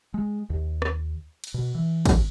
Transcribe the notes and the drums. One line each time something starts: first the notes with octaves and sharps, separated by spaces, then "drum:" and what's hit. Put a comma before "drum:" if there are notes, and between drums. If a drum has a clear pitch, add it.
G#3
D#2
drum: rim click
drum: cymbal
B2
E3
drum: kick, cymbal